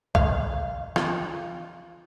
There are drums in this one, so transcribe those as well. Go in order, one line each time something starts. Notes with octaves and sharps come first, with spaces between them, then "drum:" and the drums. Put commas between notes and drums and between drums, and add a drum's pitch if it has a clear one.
F5, drum: kick B1
F4, drum: snare